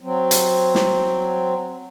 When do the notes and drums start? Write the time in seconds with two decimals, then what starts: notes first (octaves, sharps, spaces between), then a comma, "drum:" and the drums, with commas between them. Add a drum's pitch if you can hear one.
0.01 F#3 C4
0.31 drum: hi-hat
0.75 drum: snare